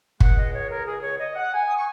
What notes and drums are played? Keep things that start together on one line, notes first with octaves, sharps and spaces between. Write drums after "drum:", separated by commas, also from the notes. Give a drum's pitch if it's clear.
C#2 C#3 G#3 F#5, drum: kick G1
D#5
C#5
A#4
G#4
C#5
D#5
F#5
G#5
D#6
C#6